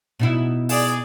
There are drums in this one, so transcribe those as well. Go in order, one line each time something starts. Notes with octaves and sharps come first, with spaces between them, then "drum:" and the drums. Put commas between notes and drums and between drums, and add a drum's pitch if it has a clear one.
B2 D#4 E4
G#4 D5, drum: open hi-hat